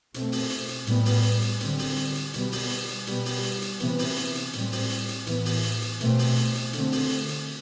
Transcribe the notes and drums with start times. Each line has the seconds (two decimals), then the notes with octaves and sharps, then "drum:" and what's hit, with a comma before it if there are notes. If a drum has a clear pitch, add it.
0.14 B2 A3 C4, drum: hi-hat
0.32 drum: open hi-hat
0.50 drum: hi-hat
0.69 drum: hi-hat
0.87 A2 G3 B3, drum: hi-hat
1.05 drum: open hi-hat
1.24 drum: hi-hat
1.42 drum: hi-hat
1.61 D3 G3 C4, drum: hi-hat
1.79 drum: open hi-hat
1.97 drum: hi-hat
2.15 drum: hi-hat
2.34 B2 G3 B3, drum: hi-hat
2.52 drum: open hi-hat
2.70 drum: hi-hat
2.89 drum: hi-hat
3.07 B2 G3 B3, drum: hi-hat
3.25 drum: open hi-hat
3.44 drum: hi-hat
3.62 drum: hi-hat
3.80 C3 E3 B3, drum: hi-hat
3.99 drum: open hi-hat
4.17 drum: hi-hat
4.35 drum: hi-hat
4.53 A2 G3 C4, drum: hi-hat
4.72 drum: open hi-hat
4.90 drum: hi-hat
5.09 drum: hi-hat
5.27 A2 E3 B3, drum: hi-hat
5.45 drum: open hi-hat
5.64 drum: hi-hat
5.82 drum: hi-hat
6.01 B2 A3 C4, drum: hi-hat
6.19 drum: open hi-hat
6.37 drum: hi-hat
6.55 drum: hi-hat
6.73 D3 A3 C4, drum: hi-hat
6.92 drum: open hi-hat
7.10 drum: hi-hat
7.29 drum: hi-hat